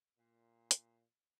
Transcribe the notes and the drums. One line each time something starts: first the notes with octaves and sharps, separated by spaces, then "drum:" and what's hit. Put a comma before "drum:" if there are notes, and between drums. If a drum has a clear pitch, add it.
A#2
drum: hi-hat